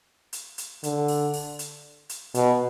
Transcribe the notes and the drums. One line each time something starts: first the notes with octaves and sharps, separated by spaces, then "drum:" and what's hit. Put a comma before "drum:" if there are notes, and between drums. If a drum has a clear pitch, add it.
drum: hi-hat
drum: hi-hat
D3, drum: hi-hat
drum: open hi-hat
drum: open hi-hat
drum: hi-hat
drum: hi-hat
B2, drum: hi-hat